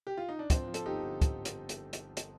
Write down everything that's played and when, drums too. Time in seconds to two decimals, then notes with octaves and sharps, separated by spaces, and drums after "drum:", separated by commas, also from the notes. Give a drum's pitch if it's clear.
0.07 G4
0.17 F4
0.29 D#4
0.39 D4
0.50 F3 C4, drum: kick, hi-hat
0.68 F3
0.74 A4, drum: hi-hat
0.86 G1 D#4 G4
1.03 D3
1.21 drum: kick, hi-hat
1.45 drum: hi-hat
1.69 drum: hi-hat
1.93 drum: hi-hat
2.17 drum: hi-hat